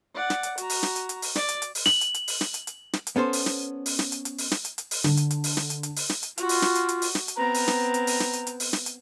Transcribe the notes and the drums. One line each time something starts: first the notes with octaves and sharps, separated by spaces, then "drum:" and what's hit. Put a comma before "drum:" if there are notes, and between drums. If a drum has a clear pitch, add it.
D5 F#5
drum: snare
drum: hi-hat
F#4 A#5, drum: hi-hat
drum: open hi-hat
drum: snare
drum: hi-hat
drum: hi-hat
drum: open hi-hat
D5, drum: snare
drum: hi-hat
drum: hi-hat
drum: open hi-hat
F#7, drum: snare
drum: hi-hat
drum: hi-hat
drum: open hi-hat
drum: snare
drum: hi-hat
drum: hi-hat
drum: snare
drum: hi-hat
B3 C#4 A4 C5
drum: open hi-hat
drum: snare
drum: open hi-hat
drum: snare
drum: hi-hat
drum: hi-hat
drum: open hi-hat
drum: snare
drum: hi-hat
drum: hi-hat
drum: open hi-hat
D3, drum: snare
drum: hi-hat
drum: hi-hat
drum: open hi-hat
drum: snare
drum: hi-hat
drum: hi-hat
drum: open hi-hat
drum: snare
drum: hi-hat
F4 F#4, drum: hi-hat
drum: open hi-hat
drum: snare
drum: hi-hat
drum: hi-hat
drum: open hi-hat
drum: snare
drum: hi-hat
B3 C4 A#5
drum: open hi-hat
drum: snare
drum: hi-hat
drum: open hi-hat
drum: snare
drum: hi-hat
drum: hi-hat
drum: open hi-hat
drum: snare
drum: hi-hat